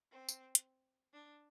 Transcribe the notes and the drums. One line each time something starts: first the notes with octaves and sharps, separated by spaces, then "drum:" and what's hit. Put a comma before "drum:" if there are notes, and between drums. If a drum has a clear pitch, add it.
C4
drum: tambourine
drum: hi-hat
D4